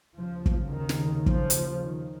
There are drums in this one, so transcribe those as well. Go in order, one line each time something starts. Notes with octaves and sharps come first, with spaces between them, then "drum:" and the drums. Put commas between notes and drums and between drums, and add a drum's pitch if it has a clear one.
D#2 C#3 F3
drum: kick
D#3
drum: snare
F3, drum: kick
drum: hi-hat
D#3